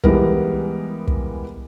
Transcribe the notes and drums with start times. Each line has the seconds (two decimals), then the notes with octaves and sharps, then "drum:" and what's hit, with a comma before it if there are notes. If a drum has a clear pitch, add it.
0.04 E3 G3 G#3 B3 A#4, drum: kick
1.07 drum: kick